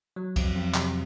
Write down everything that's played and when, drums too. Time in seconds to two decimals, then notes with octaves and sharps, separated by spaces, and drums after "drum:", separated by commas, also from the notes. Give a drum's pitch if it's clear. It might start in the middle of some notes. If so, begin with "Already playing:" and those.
0.16 F#3
0.36 F2, drum: kick, cymbal
0.55 F2
0.74 C3, drum: clap